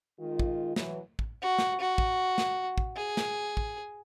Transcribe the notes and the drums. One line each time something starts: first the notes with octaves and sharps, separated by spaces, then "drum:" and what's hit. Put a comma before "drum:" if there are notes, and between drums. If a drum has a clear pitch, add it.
D#3 G#3 F4
drum: kick
E3 F#3, drum: snare
drum: kick
F#4
drum: snare
F#4
drum: kick
drum: snare
drum: kick
G#4
drum: snare
drum: kick